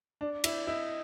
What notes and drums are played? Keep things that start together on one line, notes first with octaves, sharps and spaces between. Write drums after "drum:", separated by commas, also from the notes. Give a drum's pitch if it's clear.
D4 D5
E4, drum: cymbal
E4 D#5